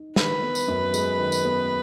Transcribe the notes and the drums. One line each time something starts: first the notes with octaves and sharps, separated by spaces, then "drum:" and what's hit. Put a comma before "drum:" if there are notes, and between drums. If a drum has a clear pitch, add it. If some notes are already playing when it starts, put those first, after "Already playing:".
Already playing: D#4
D#3 B4, drum: snare
B3
drum: tambourine
F#2
G#3, drum: tambourine
D#3
drum: tambourine
B3